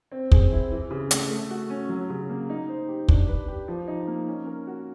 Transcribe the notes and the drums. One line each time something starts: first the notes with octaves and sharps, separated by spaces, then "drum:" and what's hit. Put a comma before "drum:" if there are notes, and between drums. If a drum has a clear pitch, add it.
C4
G#4, drum: kick
E4
E3
C#3
A3, drum: hi-hat
A3
F#4
C#4
F#3
C#3
A#3
D#4
C5
G4
D4, drum: kick
B4
G4
F3
D#4
A#3
C#4
A#4
F#4